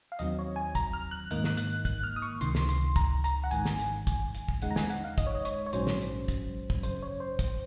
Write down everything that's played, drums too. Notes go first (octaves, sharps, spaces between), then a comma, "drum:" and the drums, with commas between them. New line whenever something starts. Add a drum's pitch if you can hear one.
F5
D#2 D#3 F#3 C4 D#5, drum: hi-hat
C#5
G#5
A#5, drum: kick, hi-hat
F6
F#6
G#2 D#3 A#3 D#4 F#6, drum: hi-hat
drum: snare
F#6, drum: hi-hat
F#6, drum: kick, hi-hat
F6
D#6
C#6
C#2 C3 D#3 C6, drum: hi-hat
drum: snare
C6, drum: hi-hat
A#5, drum: kick, hi-hat
A#5, drum: hi-hat
F#5
G#1 G#2 D#3 G#5, drum: hi-hat
drum: snare
drum: hi-hat
drum: kick, hi-hat
drum: hi-hat
drum: kick
D#2 C#3 G#3 D#4 F#5, drum: hi-hat
A#5
G#5, drum: snare
F#5, drum: hi-hat
F5
D#5, drum: kick, hi-hat
C#5
D#5
C#5, drum: hi-hat
C#5
A#1 G#2 F#3 C#4 C5, drum: hi-hat
drum: snare
drum: hi-hat
drum: kick, hi-hat
drum: kick
G#1 F#2 C#3 C5, drum: hi-hat
C#5
C5
drum: kick, hi-hat